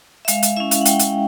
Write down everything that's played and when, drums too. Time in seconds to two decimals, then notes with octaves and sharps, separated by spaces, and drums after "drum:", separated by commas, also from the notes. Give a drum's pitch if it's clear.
0.25 E5
0.28 G#3 F5, drum: hi-hat
0.43 drum: hi-hat
0.57 C#4 E4 E5
0.71 F5, drum: hi-hat
0.81 F#5
0.85 G#3 G5, drum: hi-hat
0.99 drum: hi-hat